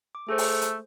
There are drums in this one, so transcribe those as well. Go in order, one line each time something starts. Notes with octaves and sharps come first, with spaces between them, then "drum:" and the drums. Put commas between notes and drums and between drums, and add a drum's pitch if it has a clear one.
D6
A3 G#4 A4 C5
drum: open hi-hat
drum: hi-hat